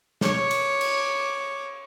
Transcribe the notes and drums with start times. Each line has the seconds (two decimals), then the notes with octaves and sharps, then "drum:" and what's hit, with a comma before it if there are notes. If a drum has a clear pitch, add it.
0.21 C#5 D6, drum: snare
0.51 drum: cymbal
0.81 drum: cymbal